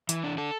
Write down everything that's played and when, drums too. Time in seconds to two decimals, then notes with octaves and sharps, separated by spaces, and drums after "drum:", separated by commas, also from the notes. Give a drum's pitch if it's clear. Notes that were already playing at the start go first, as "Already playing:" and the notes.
0.09 E3, drum: hi-hat
0.24 D4
0.38 D4 A4